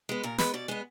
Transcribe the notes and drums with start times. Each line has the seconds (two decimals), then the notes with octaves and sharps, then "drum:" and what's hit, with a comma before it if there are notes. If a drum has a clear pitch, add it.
0.09 G#3 B3
0.23 A#2 A#4
0.38 G#3 B3 B4, drum: snare
0.54 B2 D5
0.68 G#3 B3 D#5